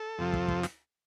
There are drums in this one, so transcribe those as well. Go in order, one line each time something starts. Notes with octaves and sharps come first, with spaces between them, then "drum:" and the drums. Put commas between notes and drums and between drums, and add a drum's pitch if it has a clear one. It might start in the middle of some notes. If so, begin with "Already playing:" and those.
Already playing: A4
F2 C3 F3
drum: kick
drum: kick
drum: snare